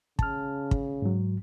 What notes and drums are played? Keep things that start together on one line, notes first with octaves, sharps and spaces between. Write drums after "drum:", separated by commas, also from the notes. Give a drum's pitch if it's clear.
C#3 A5 F6, drum: kick
drum: kick
G#2 F#3